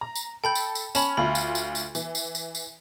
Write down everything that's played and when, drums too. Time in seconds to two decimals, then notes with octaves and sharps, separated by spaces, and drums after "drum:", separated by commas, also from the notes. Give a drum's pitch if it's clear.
0.01 A#5
0.15 drum: tambourine
0.44 A4 G5 B5 G6
0.55 drum: tambourine
0.75 drum: tambourine
0.95 C#4 A5 B5, drum: tambourine
1.17 D2 F4 E5 B5
1.35 drum: tambourine
1.55 drum: tambourine
1.75 drum: tambourine
1.95 E3, drum: tambourine
2.15 drum: tambourine
2.35 drum: tambourine
2.55 drum: tambourine